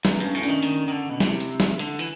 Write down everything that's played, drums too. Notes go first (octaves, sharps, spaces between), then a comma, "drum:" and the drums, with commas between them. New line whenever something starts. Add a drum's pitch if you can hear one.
F#2 B3, drum: snare
G2 C#4
A2 C#4
D4, drum: hi-hat
D#3
D#3, drum: hi-hat
D#3
D3
B2
C3 E4, drum: snare
drum: hi-hat
drum: snare
D3, drum: hi-hat
E3, drum: hi-hat